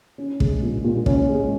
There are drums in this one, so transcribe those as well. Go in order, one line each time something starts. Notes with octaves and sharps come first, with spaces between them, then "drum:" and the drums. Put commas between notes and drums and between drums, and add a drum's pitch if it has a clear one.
C#4
G#3, drum: kick
A#2
A#2
C#4, drum: kick
G#3